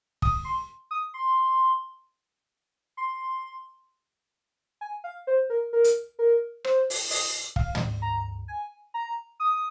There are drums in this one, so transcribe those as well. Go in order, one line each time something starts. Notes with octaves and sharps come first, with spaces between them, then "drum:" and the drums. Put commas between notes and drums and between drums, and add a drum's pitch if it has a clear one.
D#6, drum: kick
C6
D#6
C6
C6
G#5
F5
C5
A#4
A#4
drum: hi-hat
A#4
C5, drum: rim click
drum: open hi-hat
D#5, drum: open hi-hat
F5, drum: kick
drum: tom
A#5
G#5
A#5
D#6